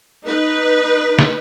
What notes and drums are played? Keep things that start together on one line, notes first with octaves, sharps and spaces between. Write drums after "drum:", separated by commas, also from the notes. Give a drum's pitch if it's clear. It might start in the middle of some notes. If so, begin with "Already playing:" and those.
D#4 B4
drum: snare